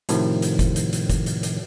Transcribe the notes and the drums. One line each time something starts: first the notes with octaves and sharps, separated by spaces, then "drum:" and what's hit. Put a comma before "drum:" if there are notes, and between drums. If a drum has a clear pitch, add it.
A2 C3 D#3 F3, drum: hi-hat
drum: hi-hat
drum: kick F#1, hi-hat
drum: hi-hat
drum: hi-hat
drum: kick F#1, hi-hat
drum: hi-hat
drum: hi-hat